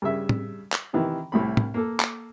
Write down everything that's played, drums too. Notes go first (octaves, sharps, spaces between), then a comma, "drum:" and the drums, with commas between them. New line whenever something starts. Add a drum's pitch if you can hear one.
G2 C#3 E5
drum: tom
drum: clap
C3 D#3 E3
C2 A2 B5
drum: tom
A#3 A4
drum: clap